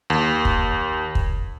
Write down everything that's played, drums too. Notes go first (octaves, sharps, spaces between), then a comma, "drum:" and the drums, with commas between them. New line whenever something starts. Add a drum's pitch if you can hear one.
D#2
drum: kick
drum: kick